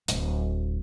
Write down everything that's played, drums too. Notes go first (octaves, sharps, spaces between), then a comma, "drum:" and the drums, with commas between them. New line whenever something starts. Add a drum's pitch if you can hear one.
D1, drum: hi-hat